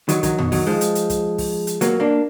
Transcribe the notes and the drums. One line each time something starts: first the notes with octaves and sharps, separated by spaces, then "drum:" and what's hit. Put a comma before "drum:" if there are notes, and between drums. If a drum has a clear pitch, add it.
D#3 F#3, drum: hi-hat
D#3 F#3, drum: kick, hi-hat
B2 D#3, drum: tom F2
D#3 F#3, drum: kick, open hi-hat
F3 G#3
drum: hi-hat
drum: hi-hat
drum: kick, hi-hat
drum: kick, open hi-hat
drum: hi-hat
F#3 A#3, drum: hi-hat
A#3 D4